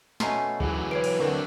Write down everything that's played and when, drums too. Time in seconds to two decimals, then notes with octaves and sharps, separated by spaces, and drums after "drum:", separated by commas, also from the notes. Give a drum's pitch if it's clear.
0.20 B2 A3 C#4 D#5 G#5 A#5 C6 C7, drum: snare
0.60 E3 F#3 G#4, drum: kick C#2
0.91 B4 C#5 C7 D7
1.04 drum: cymbal
1.20 D3 F#3 A3 C4 D4 A#4